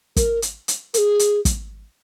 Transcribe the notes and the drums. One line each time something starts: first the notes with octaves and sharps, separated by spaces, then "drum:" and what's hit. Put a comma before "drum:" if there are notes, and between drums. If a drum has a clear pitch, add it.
A#4, drum: kick, hi-hat
drum: hi-hat
drum: hi-hat
A#4, drum: hi-hat
G#4
drum: hi-hat
drum: kick, hi-hat